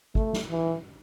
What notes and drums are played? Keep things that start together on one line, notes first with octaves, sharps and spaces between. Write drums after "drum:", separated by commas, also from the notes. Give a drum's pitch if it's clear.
A3, drum: kick
drum: snare
E3